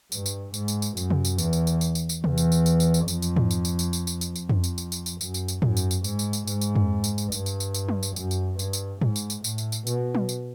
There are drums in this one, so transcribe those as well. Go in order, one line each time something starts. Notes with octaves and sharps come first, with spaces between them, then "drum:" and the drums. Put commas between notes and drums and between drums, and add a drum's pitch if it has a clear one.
G2, drum: tambourine
drum: tambourine
G#2, drum: tambourine
drum: tambourine
drum: tambourine
F#2, drum: tambourine
drum: tom C3
drum: tambourine
E2, drum: tambourine
drum: tambourine
drum: tambourine
drum: tambourine
drum: tambourine
drum: tambourine
E2, drum: tom C3
drum: tambourine
drum: tambourine
drum: tambourine
drum: tambourine
drum: tambourine
F2, drum: tambourine
drum: tambourine
drum: tom G#2
drum: tambourine
drum: tambourine
drum: tambourine
drum: tambourine
drum: tambourine
drum: tambourine
F2, drum: tambourine
drum: tom F2
drum: tambourine
drum: tambourine
drum: tambourine
drum: tambourine
F#2, drum: tambourine
drum: tambourine
drum: tambourine
F#2, drum: tom G#2
drum: tambourine
drum: tambourine
G#2, drum: tambourine
drum: tambourine
drum: tambourine
G#2, drum: tambourine
drum: tambourine
drum: tom F2
drum: tambourine
drum: tambourine
G2, drum: tambourine
drum: tambourine
drum: tambourine
drum: tambourine
drum: tom F#3
drum: tambourine
F#2, drum: tambourine
drum: tambourine
G2, drum: tambourine
drum: tambourine
G#2, drum: tom G#2
drum: tambourine
drum: tambourine
A2, drum: tambourine
drum: tambourine
drum: tambourine
B2, drum: tambourine
drum: tom F#3
drum: tambourine